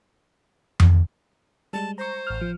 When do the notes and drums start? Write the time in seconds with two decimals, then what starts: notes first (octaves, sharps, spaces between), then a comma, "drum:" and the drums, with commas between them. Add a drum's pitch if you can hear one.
0.80 drum: tom F2
1.73 G3 G#3 A5
1.98 C5 A#5 C#6
2.27 A1 F6
2.41 F3